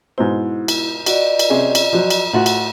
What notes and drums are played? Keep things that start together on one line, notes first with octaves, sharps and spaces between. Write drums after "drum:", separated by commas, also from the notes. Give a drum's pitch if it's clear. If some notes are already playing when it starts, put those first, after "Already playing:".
G#2 B2 E4 C5
drum: cymbal
F#4 D5 D#5, drum: cymbal
drum: cymbal
C3 C#4 G#4
drum: cymbal
F3 F#3
drum: cymbal
A2 F4 F#4 F#5
drum: cymbal